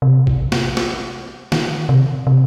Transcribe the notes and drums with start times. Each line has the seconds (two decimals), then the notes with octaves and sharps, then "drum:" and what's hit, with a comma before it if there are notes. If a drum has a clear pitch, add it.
0.02 C3
0.27 drum: kick
0.52 drum: snare
0.77 drum: snare
1.52 D#3, drum: snare
1.89 C3
2.27 C3